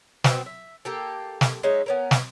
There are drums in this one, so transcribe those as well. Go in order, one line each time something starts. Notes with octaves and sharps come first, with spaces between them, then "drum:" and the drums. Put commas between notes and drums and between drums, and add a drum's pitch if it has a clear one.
B2 C4, drum: snare
E5
A#3 G4 A4
drum: snare
G#3 C#4 D#4 E5
B3 C#4 A#4
drum: snare